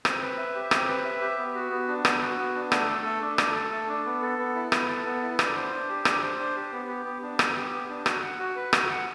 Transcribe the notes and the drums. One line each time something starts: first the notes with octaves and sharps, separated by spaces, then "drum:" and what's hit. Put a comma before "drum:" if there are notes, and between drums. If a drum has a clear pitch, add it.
C4, drum: rim click
B4
E5
G4
C4, drum: rim click
B4
E5
G4
B3
F#4
B3
D4
B3, drum: rim click
F#4
B3
D4
A3, drum: rim click
A4
A3
D4
A3, drum: rim click
A4
A3
D4
B3
A4
B3
E4
B3, drum: rim click
A4
B3
E4
D4, drum: rim click
C5
D4
G4
D4, drum: rim click
C5
D4
G4
B3
G4
B3
D4
B3, drum: rim click
G4
B3
D4
F#4, drum: rim click
F#5
F#4
B4
F#4, drum: rim click
F#5